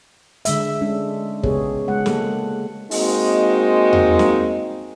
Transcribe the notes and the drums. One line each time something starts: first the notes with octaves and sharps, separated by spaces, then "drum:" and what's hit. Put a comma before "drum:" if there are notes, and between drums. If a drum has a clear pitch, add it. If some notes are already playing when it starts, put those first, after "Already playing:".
D3 G#3 E5, drum: hi-hat
G#3 C#4 D4
C#3 B3 G4 G#4 C#5, drum: kick
G#3 F#5
A#3 G4 A4, drum: snare
G#3 A#3 C4 D#4 F#4, drum: open hi-hat
drum: tom E2
drum: snare